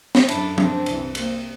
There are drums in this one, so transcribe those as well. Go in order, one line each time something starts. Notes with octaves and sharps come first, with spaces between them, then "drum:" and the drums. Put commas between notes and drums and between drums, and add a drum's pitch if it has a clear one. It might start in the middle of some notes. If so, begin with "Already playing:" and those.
drum: snare
F#2 D3 D4 E4, drum: cymbal
C4 D4, drum: tom
C2 C3 E3, drum: cymbal
A#3 C4, drum: cymbal